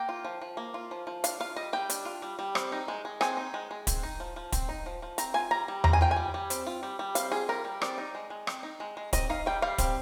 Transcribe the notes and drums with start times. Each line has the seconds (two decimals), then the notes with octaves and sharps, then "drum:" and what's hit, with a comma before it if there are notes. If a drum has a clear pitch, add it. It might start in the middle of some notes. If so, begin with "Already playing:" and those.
Already playing: A#3 G5
0.09 F4
0.25 F3
0.42 F3
0.57 A#3
0.74 F4
0.91 F3
1.07 F3
1.24 D4 F5, drum: hi-hat
1.40 F4 F5
1.56 G3 D#5
1.73 G3 G5
1.90 D4, drum: hi-hat
2.05 F4
2.22 G3
2.39 G3
2.55 C4, drum: rim click
2.72 D#4
2.88 G#3
3.05 G#3
3.21 C4 G#5, drum: rim click
3.37 D#4
3.54 G#3
3.71 G#3
3.87 C4, drum: kick, hi-hat
4.03 D#4
4.20 F3
4.36 F3
4.52 C4, drum: kick, hi-hat
4.69 D#4
4.86 F3
5.02 F3
5.18 C4 A#5, drum: hi-hat
5.34 F4 G#5
5.51 G3 A#5
5.68 G3
5.84 C4 A#5, drum: tom E2
5.93 G#5
6.01 F4 G5
6.11 G#5
6.16 G3
6.34 G3
6.50 C4, drum: hi-hat
6.66 F4
6.83 G3
6.99 G3
7.15 C4 F5, drum: hi-hat
7.32 F4 G#4
7.49 G3 A#4
7.64 G3
7.82 C4 D5, drum: rim click
7.98 D#4
8.15 G#3
8.30 G#3
8.47 C4, drum: rim click
8.63 D#4
8.80 G#3
8.97 G#3
9.13 C4 D#5, drum: kick, hi-hat
9.29 D#4 F5
9.46 G3 G5
9.62 G3 F5
9.78 C4, drum: kick, hi-hat